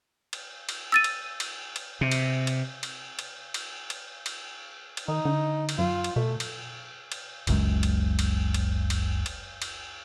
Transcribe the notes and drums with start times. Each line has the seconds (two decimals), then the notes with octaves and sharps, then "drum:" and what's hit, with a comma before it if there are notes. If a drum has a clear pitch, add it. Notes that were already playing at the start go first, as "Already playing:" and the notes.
0.33 drum: cymbal
0.69 drum: cymbal
0.92 E6 A6 D#7
1.04 drum: cymbal
1.40 drum: cymbal
1.76 drum: cymbal
2.01 C3
2.11 drum: cymbal
2.47 drum: cymbal
2.83 drum: cymbal
3.19 drum: cymbal
3.54 drum: cymbal
3.90 drum: cymbal
4.26 drum: cymbal
4.97 drum: cymbal
5.08 D#3 D#4
5.25 D3
5.69 drum: cymbal
5.78 F#2 F4
6.04 drum: cymbal
6.16 B2 A3
6.40 drum: cymbal
7.12 drum: cymbal
7.47 F#1 C#2 F#2 G#3, drum: cymbal
7.83 drum: cymbal
8.19 drum: cymbal
8.54 drum: cymbal
8.90 drum: cymbal
9.26 drum: cymbal
9.62 drum: cymbal